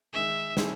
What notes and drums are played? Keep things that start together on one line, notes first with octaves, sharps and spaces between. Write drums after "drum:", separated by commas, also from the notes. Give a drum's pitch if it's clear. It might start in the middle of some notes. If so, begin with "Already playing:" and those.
D#3 G#3 D#4 G#4 E5
D#3 A3 C4 E4 G#4, drum: snare